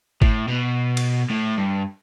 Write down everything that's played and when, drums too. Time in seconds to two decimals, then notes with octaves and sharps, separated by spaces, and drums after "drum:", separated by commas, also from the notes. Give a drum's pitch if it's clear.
0.22 A2, drum: kick G1
0.48 B2
0.97 drum: cymbal
1.30 A2
1.58 G2